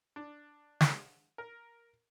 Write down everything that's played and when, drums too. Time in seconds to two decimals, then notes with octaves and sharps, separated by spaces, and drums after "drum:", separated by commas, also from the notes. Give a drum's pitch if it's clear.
0.16 D4
0.81 drum: snare
1.38 A#4